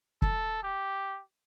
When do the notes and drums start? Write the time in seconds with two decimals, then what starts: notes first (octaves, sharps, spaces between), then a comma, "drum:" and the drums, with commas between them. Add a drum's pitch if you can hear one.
0.22 A4, drum: kick
0.63 G4